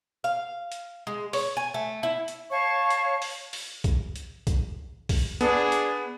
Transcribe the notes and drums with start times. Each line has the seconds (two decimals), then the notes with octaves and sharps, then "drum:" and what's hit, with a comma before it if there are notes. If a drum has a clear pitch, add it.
0.24 F5
0.72 drum: hi-hat
1.07 G#3
1.33 C#5, drum: open hi-hat
1.57 G#5
1.74 A3
2.03 E4
2.28 drum: hi-hat
2.51 C#5 F5 A5 C#6
2.90 drum: hi-hat
3.22 drum: open hi-hat
3.53 drum: open hi-hat
3.84 drum: kick, hi-hat
4.16 drum: hi-hat
4.47 drum: kick, hi-hat
5.09 drum: kick, open hi-hat
5.41 B3 D4 G#4, drum: hi-hat
5.72 drum: hi-hat